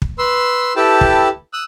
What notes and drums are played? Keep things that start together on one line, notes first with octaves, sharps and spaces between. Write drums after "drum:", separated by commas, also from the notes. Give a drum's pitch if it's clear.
drum: kick
B4 C6 E6
E4 G4 A4 B4 G5 A5
drum: kick
D#6 E6 F#6